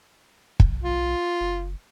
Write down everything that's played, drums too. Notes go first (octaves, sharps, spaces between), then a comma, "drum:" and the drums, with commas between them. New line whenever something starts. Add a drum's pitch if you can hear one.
B1, drum: kick
F4
F#1